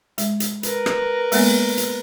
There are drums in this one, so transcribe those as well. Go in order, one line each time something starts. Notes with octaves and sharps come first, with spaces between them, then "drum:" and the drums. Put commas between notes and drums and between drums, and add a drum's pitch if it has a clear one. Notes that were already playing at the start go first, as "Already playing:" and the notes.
G#3, drum: hi-hat
drum: hi-hat
A#4 B4, drum: hi-hat
drum: rim click
G#3 A#3 B3, drum: open hi-hat
drum: hi-hat